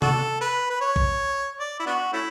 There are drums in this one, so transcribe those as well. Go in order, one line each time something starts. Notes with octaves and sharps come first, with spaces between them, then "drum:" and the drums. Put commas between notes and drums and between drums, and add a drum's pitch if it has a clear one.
D4 F#4 A4, drum: tom C3
B4
B4
C#5
drum: kick A#1
D5
E4
B3 D4 F#4
A3 C#4 E4